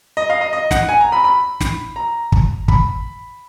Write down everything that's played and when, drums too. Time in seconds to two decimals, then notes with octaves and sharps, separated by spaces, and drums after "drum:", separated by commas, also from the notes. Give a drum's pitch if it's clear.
0.17 D#5
0.30 F5
0.41 D#5
0.53 D#5
0.71 F#5, drum: snare
0.89 G#5
1.01 A#5
1.12 B5
1.24 B5
1.61 drum: snare
1.96 A#5
2.32 drum: kick
2.68 B5, drum: kick